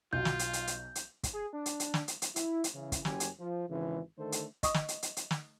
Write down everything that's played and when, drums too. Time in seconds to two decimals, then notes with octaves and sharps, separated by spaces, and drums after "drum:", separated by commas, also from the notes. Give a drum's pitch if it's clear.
0.13 B1 F#3 F4 G6
0.25 drum: snare
0.39 drum: hi-hat
0.53 drum: hi-hat
0.67 drum: hi-hat
0.95 drum: hi-hat
1.24 drum: kick, hi-hat
1.33 G#4
1.53 D4
1.66 drum: hi-hat
1.80 drum: hi-hat
1.94 drum: snare
2.08 drum: hi-hat
2.22 drum: hi-hat
2.36 E4, drum: hi-hat
2.64 drum: hi-hat
2.75 C#3 E3
2.92 drum: kick, hi-hat
3.05 F#1 F#2 C#4 G4 G#5, drum: snare
3.20 drum: hi-hat
3.40 F3
3.70 G#1 C#3 E3
4.18 D3 D#3 A3 A4 C5
4.32 drum: hi-hat
4.63 D#5 C#6 D#6, drum: kick, hi-hat
4.74 drum: snare
4.88 drum: hi-hat
5.02 drum: hi-hat
5.17 drum: hi-hat
5.31 drum: snare